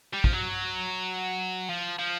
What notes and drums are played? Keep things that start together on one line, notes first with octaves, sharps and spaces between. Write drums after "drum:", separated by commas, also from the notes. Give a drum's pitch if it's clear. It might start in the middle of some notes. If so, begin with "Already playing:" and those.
G3
F3, drum: kick
F#3
F3
F3